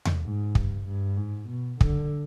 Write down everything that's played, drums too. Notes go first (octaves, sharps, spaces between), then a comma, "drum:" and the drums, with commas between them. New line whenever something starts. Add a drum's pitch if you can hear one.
drum: tom E2
G#2
G2, drum: kick
G2
G#2
B2
D3, drum: kick